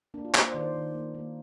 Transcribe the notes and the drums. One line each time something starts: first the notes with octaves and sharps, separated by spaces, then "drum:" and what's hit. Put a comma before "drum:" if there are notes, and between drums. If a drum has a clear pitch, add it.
A#3 D4
F4
A#3, drum: clap
C5
D#3 D5
C5
D#3
A#3
A#3